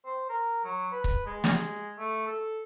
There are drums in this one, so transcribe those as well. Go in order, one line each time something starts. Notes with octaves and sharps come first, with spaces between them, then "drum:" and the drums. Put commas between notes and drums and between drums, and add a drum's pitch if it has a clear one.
C5
A#4
F#3
B4
drum: kick C#1
G#3
drum: snare
A3
A4